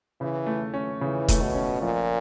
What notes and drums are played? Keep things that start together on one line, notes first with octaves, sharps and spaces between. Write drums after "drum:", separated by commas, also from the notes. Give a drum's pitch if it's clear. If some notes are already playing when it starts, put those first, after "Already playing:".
C#3 E3
A3
C#4
C#3 E3
A3, drum: kick E1, hi-hat
B2
C#4
A#2 F3